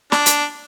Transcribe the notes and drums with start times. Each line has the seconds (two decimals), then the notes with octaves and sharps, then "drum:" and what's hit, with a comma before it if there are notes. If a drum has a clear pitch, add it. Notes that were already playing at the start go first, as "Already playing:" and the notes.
0.12 D4, drum: snare
0.26 drum: hi-hat